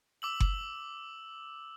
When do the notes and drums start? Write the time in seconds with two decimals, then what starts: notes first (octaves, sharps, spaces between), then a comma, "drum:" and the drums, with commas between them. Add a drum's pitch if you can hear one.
0.22 D6 E6 F#7
0.40 drum: kick F#1